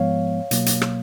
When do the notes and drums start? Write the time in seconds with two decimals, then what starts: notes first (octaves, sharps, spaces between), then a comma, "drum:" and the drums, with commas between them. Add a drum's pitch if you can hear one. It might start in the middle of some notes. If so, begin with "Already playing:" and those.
Already playing: G#2 F3 G#3 B3 C#5 F5
0.51 B2 F#3 A#3, drum: hi-hat
0.66 drum: hi-hat
0.81 drum: rim click